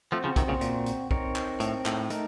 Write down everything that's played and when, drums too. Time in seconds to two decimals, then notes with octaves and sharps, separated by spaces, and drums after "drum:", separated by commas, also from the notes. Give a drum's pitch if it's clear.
0.12 F3 A3 C4 F#4 C5
0.24 C#3 F3
0.36 C3 D#3, drum: kick B1, hi-hat
0.48 A#2 C#3
0.61 A#2, drum: hi-hat
0.86 drum: hi-hat
1.11 C4 D#4 A#4 C#5, drum: kick B1
1.36 drum: clap
1.60 A2, drum: hi-hat
1.86 A2, drum: clap
2.10 A3 D#4 A#4, drum: hi-hat